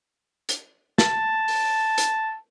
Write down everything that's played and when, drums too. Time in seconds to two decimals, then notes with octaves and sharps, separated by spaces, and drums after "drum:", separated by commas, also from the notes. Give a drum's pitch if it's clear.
0.49 drum: hi-hat
0.98 A5, drum: snare
1.48 drum: open hi-hat
1.98 drum: hi-hat